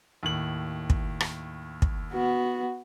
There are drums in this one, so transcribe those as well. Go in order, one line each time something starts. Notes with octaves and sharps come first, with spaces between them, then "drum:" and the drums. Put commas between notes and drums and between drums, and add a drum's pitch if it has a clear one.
D#2 A2 F#7
drum: kick
drum: rim click
drum: kick
B3 F#4